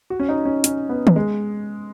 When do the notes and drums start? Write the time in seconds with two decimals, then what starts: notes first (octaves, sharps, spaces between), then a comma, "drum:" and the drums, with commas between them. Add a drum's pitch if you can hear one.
0.10 F#4
0.20 C#4
0.29 D#4
0.45 C#4
0.64 C#4, drum: hi-hat
0.89 B3
1.07 drum: tom
1.16 G#3